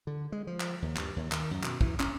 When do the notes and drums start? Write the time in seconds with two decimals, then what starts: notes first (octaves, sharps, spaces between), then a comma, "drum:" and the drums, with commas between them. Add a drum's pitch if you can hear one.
0.07 D3
0.32 G#3
0.47 F3
0.60 drum: clap
0.82 D#2
0.97 G2, drum: clap
1.16 D#2
1.32 D#3, drum: clap
1.51 F#2
1.63 B2, drum: clap
1.81 E3, drum: kick
2.00 C#4, drum: clap